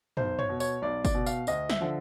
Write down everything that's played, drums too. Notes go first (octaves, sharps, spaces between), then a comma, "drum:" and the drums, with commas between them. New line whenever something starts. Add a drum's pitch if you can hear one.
B1 C5, drum: tom
C#5, drum: tom
B2
C#5, drum: tambourine
B1 D5
D5, drum: kick F#1, tambourine
B2
F5, drum: tambourine
D2 D#5, drum: tambourine
E5, drum: snare
D3 F3